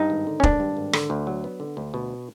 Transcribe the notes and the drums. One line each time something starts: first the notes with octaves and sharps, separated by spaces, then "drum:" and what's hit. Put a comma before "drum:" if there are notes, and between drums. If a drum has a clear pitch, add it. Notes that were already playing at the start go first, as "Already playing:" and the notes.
Already playing: G2 D#4
G#1
D3
C#4
G#1 D4, drum: kick
G2
G#1
D3, drum: rim click
D2
F#3
B3
D3
D2
B2